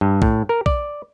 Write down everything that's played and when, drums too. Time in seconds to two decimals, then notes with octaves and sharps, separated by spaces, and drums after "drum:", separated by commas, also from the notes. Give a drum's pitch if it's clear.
0.01 G2
0.22 A2, drum: kick B1
0.49 A#4
0.66 D5, drum: kick B1